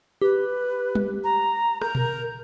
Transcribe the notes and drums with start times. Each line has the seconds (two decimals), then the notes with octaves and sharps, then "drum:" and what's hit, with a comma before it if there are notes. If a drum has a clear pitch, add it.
0.22 G4 B4
0.95 drum: tom G3
1.23 A#5
1.82 A#4 G6, drum: rim click
1.95 drum: tom A#2